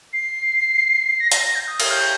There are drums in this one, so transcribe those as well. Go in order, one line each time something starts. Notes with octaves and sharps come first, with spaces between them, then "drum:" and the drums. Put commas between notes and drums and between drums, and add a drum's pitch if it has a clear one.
C7
A#6
A#6, drum: hi-hat
A#6
G6
D#6
F6, drum: cymbal
G6